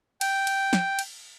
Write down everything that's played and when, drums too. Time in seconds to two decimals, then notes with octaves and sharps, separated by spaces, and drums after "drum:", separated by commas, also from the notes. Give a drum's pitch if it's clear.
0.21 G5, drum: cymbal
0.47 drum: cymbal
0.73 drum: snare
0.99 drum: cymbal